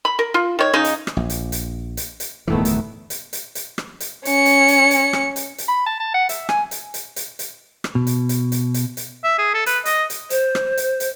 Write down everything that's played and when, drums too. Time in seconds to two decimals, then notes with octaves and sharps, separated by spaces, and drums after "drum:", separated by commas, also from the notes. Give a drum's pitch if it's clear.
0.05 B5
0.19 A#4
0.34 F4
0.59 D#3 C#5
0.74 C#3 D#4
0.84 drum: hi-hat
1.07 drum: rim click
1.17 A#1
1.30 drum: hi-hat
1.52 drum: hi-hat
1.97 drum: hi-hat
2.20 drum: hi-hat
2.48 D1 G2 D#3 E3 A3 B3
2.65 drum: hi-hat
3.10 drum: hi-hat
3.33 drum: hi-hat
3.55 drum: hi-hat
3.78 drum: rim click
4.00 drum: hi-hat
4.25 C#4 C#7, drum: hi-hat
4.46 drum: hi-hat
4.68 drum: hi-hat
4.91 drum: hi-hat
5.13 drum: rim click
5.36 drum: hi-hat
5.58 drum: hi-hat
5.68 B5
5.86 A5
5.99 A5
6.14 F#5
6.29 E5, drum: hi-hat
6.49 G#5, drum: rim click
6.71 drum: hi-hat
6.94 drum: hi-hat
7.16 drum: hi-hat
7.39 drum: hi-hat
7.84 drum: rim click
7.95 B2
8.07 drum: hi-hat
8.29 drum: hi-hat
8.52 drum: hi-hat
8.74 drum: hi-hat
8.97 drum: hi-hat
9.24 E5
9.38 G#4
9.54 A4
9.66 B4, drum: hi-hat
9.85 D#5, drum: hi-hat
10.10 drum: hi-hat
10.30 C5, drum: hi-hat
10.55 drum: rim click
10.77 drum: hi-hat
11.00 drum: hi-hat